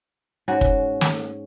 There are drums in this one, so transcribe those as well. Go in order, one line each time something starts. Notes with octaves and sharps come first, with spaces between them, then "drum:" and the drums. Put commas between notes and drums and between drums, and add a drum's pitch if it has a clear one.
G#2 C#4 F#4
drum: kick
drum: snare